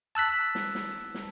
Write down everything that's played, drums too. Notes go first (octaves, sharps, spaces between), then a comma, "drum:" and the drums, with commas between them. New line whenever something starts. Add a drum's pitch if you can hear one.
A5 E6 F#6 B6
drum: snare
drum: snare
drum: snare